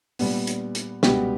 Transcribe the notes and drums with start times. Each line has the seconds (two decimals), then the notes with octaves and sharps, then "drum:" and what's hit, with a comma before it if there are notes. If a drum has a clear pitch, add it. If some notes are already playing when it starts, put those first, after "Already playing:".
0.19 A#2 G3 B3, drum: open hi-hat
0.47 drum: hi-hat
0.75 drum: hi-hat
1.03 C#2 B2 G3 B3 G4, drum: snare